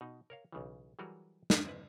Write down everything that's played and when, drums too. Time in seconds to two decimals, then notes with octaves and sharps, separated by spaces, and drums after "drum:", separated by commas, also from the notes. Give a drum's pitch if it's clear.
0.01 B2 D#4
0.30 A#4 C#5 F5
0.52 B1 C#3 E3
0.99 E3 F#3 G3 F#4 G#4 A#4
1.50 drum: snare
1.65 C4 E4 B4